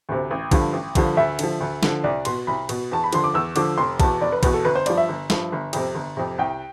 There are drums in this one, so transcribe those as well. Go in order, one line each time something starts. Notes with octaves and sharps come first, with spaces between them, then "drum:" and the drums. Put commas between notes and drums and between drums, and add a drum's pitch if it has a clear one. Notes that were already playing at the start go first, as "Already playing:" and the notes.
D2 C3
A1
G2 D3 F3, drum: kick A#1, cymbal
A1
G2 D3 F3, drum: kick A#1, cymbal
D2 E5
D3 F3, drum: cymbal
D2
D3 F3, drum: snare
C2 D5
B2 C6, drum: cymbal
C2 B5
B2, drum: cymbal
E2 A5
B5
D3 F3 C6, drum: cymbal
D6
E2 E6
D3 F3 D6, drum: cymbal
F1 C6
E2 B2 A5, drum: kick A#1, cymbal
F1 D5
B4
E2 B2 B4, drum: kick A#1, cymbal
A4
G1 B4
C5
G2 F3 D5, drum: cymbal
E5
G1
G2 F3, drum: snare
G1
F2 C3, drum: cymbal
G1
F2 C3
C2 G5